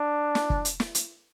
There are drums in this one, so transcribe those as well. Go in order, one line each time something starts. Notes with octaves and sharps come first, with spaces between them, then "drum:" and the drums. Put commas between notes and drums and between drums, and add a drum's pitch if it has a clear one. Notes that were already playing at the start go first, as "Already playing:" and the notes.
Already playing: D4
drum: snare
drum: kick
drum: hi-hat
drum: snare
drum: hi-hat